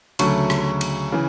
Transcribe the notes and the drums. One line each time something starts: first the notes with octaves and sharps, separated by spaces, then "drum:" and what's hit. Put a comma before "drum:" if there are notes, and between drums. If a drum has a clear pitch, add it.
D2 C#3 F#3 A3 C#6, drum: cymbal
drum: rim click
drum: cymbal
C#3 E3